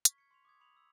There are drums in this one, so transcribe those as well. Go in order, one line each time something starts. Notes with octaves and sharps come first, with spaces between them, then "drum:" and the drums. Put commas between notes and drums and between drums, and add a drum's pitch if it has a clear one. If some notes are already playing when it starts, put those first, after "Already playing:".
C#6 F6 G#6 B6, drum: hi-hat
G#6 C#7
C6 C#6 C#7 F7
D6 D#6 G#6
B5 D#6 C#7 F7 F#7
E6